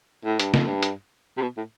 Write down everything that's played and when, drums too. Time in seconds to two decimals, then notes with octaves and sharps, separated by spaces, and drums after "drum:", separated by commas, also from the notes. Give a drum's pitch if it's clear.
0.25 A2
0.40 G2, drum: hi-hat
0.54 F2, drum: snare
0.67 G2
0.83 drum: hi-hat
1.37 C3
1.42 B2
1.57 A2